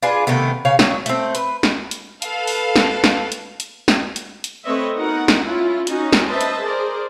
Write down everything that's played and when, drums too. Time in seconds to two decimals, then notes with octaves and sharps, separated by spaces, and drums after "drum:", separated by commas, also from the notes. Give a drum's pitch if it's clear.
0.02 D4 F4 G#4 B4
0.27 C3 D#3 A3 B3
0.65 C#3 C#5 F5
0.79 F#3, drum: snare
1.06 A3 C4, drum: hi-hat
1.35 B4, drum: hi-hat
1.63 drum: snare
1.91 drum: hi-hat
2.22 A4 B4 F5, drum: hi-hat
2.47 drum: open hi-hat
2.76 drum: snare
3.04 drum: snare
3.32 drum: hi-hat
3.60 drum: hi-hat
3.88 drum: snare
4.16 drum: hi-hat
4.44 drum: hi-hat
4.64 A3 C4 B4 C#5 D#5 E5
4.95 B3 D#4 F#4 A#4 F#5
5.28 drum: snare
5.41 C#4 E4 F4
5.87 C#4 D#4 F#4, drum: hi-hat
6.13 drum: snare
6.28 B4 C5 D#5 E5 A5
6.41 drum: hi-hat
6.63 G#4 A#4 C5 D5